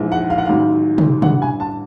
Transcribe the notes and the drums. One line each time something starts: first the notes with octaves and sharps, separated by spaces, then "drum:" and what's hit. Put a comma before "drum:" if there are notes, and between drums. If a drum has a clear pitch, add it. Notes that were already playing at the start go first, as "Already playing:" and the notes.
Already playing: A#1 G#2 E3
F#5
F5
F#5
A1 G#2 D#3 F#3 F5
drum: tom
A1 G2 D3 F#5, drum: tom
G#5
A5